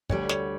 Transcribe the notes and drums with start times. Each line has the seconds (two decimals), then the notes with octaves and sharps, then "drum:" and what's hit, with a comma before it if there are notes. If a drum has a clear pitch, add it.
0.10 D2 D3 G3 C#5, drum: kick
0.29 C#5, drum: snare